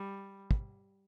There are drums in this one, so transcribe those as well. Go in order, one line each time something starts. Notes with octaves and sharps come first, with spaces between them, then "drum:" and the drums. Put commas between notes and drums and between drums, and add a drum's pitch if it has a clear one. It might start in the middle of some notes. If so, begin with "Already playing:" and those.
Already playing: G3
drum: kick